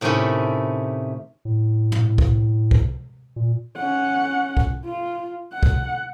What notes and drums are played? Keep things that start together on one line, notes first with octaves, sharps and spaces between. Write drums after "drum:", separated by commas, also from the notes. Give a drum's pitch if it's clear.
A2 C3 D#3 A3 C#4 E4
A2
drum: tom
drum: kick
drum: kick
A#2
C#4 F#5
drum: kick
F4
F#5
drum: kick